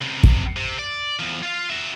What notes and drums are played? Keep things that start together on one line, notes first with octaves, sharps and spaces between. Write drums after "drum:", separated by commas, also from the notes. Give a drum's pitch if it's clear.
C#2 C3
drum: kick
C3
D5
E2 F3
F4 F5
F#4 E5